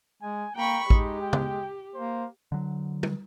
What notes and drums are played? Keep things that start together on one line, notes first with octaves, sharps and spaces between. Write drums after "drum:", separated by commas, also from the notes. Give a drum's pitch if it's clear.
G#3 G#5
A#3 G5 A#5 B5 C#6
G#3 D#4 G4, drum: kick
G5
drum: tom C#3
A#3 C5
D3 F#3
drum: tom G3